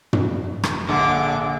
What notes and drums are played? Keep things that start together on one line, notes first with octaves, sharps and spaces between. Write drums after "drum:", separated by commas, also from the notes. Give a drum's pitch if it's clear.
drum: tom
drum: rim click
A#1 D3 F#5 D6